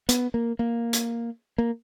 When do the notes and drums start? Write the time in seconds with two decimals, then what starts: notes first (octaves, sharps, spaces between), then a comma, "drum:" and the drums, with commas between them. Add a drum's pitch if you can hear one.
0.09 B3, drum: hi-hat
0.34 A#3
0.59 A#3
0.93 drum: hi-hat
1.58 A#3